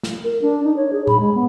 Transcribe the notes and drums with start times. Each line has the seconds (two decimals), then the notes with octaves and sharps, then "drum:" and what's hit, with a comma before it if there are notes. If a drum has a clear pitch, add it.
0.03 drum: snare
0.24 A#4
0.42 D4
0.64 D#4
0.76 C#5
0.92 G#4
1.07 B5, drum: tom A#2
1.20 G#3
1.35 B3